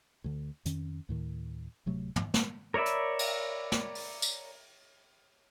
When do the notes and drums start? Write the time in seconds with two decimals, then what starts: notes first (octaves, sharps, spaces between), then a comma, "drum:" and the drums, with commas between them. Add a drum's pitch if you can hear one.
0.24 D2 D3
0.65 F2 D#3 C#4, drum: hi-hat
1.09 D2 A2 D#3
1.86 D1 C3 F#3 A3
2.16 drum: tom
2.34 drum: snare
2.74 A#4 C#5 D5 E5 B5
2.86 drum: hi-hat
3.19 drum: cymbal
3.72 drum: snare
3.95 drum: open hi-hat
4.22 drum: tambourine